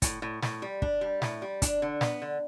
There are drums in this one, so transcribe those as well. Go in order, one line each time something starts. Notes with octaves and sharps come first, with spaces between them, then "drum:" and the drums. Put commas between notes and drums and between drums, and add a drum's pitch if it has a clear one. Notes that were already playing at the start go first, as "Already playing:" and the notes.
A2, drum: kick, hi-hat
A2
A2, drum: snare
G3
D4, drum: kick
G3
A2, drum: snare
G3
D4, drum: kick, hi-hat
D3
B3, drum: snare
D3